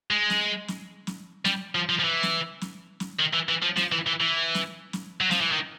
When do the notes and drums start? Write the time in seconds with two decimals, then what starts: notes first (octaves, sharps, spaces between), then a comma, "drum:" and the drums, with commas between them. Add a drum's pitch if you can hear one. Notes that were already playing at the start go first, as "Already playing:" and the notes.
0.10 G#3
0.30 drum: snare
0.68 drum: snare
1.07 drum: snare
1.45 G3, drum: snare
1.75 F3
1.89 F3
1.99 F3
2.04 E3
2.23 drum: snare
2.61 drum: snare
3.00 drum: snare
3.20 D#3
3.34 E3
3.49 E3
3.63 F3
3.77 F3, drum: snare
3.92 E3
4.07 E3
4.20 E3
4.55 drum: snare
4.93 drum: snare
5.21 F#3
5.31 F3, drum: snare
5.41 E3
5.52 D#3